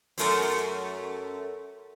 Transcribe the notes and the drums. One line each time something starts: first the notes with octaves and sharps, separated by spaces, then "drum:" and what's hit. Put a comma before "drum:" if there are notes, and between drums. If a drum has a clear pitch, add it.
F#2 A3 A#4, drum: open hi-hat